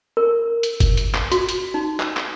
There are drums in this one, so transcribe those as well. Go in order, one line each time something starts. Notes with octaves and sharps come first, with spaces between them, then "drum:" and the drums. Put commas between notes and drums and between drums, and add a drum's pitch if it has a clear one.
A#4
drum: hi-hat
drum: kick F#1, hi-hat
drum: hi-hat
drum: clap
F#4, drum: hi-hat
drum: hi-hat
D#4
drum: clap
drum: clap